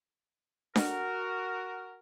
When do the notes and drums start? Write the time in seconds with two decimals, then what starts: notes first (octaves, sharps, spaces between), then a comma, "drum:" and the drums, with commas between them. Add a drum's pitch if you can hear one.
0.76 F#4 A#4, drum: snare D4